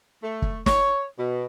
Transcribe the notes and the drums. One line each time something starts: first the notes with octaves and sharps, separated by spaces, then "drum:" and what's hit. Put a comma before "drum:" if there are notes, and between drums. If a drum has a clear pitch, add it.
A3
drum: kick
C#5, drum: snare
B2